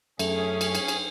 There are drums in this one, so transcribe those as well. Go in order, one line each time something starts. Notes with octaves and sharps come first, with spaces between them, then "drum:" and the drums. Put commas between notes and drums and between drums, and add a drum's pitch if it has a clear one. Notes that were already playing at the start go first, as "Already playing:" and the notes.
F#2 A3 C#4 G#4, drum: cymbal
drum: cymbal
drum: cymbal
drum: cymbal